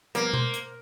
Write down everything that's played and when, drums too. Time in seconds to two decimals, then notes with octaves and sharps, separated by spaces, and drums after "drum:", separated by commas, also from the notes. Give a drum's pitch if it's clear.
0.15 F3 G3 A#3 B3, drum: hi-hat
0.33 C5, drum: tom B2
0.54 drum: hi-hat